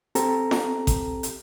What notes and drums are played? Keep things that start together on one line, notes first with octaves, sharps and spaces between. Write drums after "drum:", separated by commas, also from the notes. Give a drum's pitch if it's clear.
C4 G4 A4 A#5, drum: hi-hat
drum: snare
drum: kick A1, hi-hat
drum: hi-hat